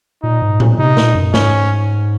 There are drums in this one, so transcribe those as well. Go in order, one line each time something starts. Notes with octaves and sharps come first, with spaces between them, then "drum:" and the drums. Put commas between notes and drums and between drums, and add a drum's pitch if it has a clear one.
A#2 D#4
G#2
A#2, drum: tom A2
C3 D#4
A#2, drum: snare
F#2
G#2 C#4, drum: snare